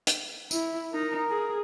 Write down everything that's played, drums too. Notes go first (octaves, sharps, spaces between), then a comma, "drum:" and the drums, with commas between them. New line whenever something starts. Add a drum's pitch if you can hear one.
drum: hi-hat
E4, drum: tambourine
D#4 A#4
G#4